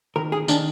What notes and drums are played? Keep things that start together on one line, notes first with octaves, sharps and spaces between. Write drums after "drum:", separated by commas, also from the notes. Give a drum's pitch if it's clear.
D#3 A#4
G#4
D#3 D4, drum: tambourine